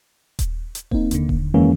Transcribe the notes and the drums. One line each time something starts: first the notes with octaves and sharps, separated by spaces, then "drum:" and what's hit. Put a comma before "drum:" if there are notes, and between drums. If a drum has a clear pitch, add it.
drum: kick D#1, hi-hat
drum: hi-hat
A#3 C4 D#4, drum: kick D#1
D#2 D3, drum: hi-hat
drum: kick D#1
F2 D#3 E3 G#3 A#3 C#4